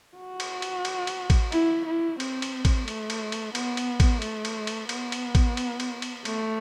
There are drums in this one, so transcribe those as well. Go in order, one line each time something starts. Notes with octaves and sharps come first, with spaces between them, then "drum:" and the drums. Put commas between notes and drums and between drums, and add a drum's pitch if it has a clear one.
F#4
drum: cymbal
drum: cymbal
drum: cymbal
drum: cymbal
drum: kick A1, cymbal
E4, drum: cymbal
E4
C4, drum: cymbal
drum: cymbal
drum: kick A1, cymbal
A3, drum: cymbal
drum: cymbal
drum: cymbal
B3, drum: cymbal
drum: cymbal
drum: kick A1, cymbal
A3, drum: cymbal
drum: cymbal
drum: cymbal
B3, drum: cymbal
drum: cymbal
drum: kick A1, cymbal
drum: cymbal
drum: cymbal
drum: cymbal
A3, drum: cymbal